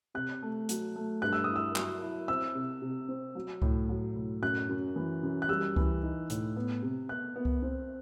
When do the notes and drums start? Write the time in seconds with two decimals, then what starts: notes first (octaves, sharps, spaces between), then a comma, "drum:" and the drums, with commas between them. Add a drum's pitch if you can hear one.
0.14 C3 F#6
0.42 A3
0.69 F#3, drum: hi-hat
0.96 A3
1.22 G2 F#6
1.33 E6
1.44 E4 D#6
1.56 E6
1.76 F#3, drum: clap
2.01 E4
2.28 C4 E6
2.55 C3
2.82 C3
3.08 C4
3.35 F#3
3.62 A2, drum: kick C#2
3.89 F#3
4.16 A2
4.42 F#2 F#6
4.69 F#2
4.96 E3
5.23 F#2
5.42 F#6
5.49 G3 E6
5.76 E3, drum: kick C#2
6.03 D#4
6.30 A2, drum: hi-hat
6.56 B3
6.82 C3
7.09 B3 F#6
7.36 B3
7.45 drum: kick C#2
7.62 C4